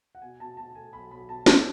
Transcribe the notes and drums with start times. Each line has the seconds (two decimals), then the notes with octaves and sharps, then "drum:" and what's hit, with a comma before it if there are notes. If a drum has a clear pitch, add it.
0.15 F#5
0.22 B2 G#5
0.40 B2 A5
0.57 B2 A5
0.75 A3 G#5
0.93 B1 B5
1.11 B1 B5
1.29 B2 A5
1.46 B1 A5, drum: snare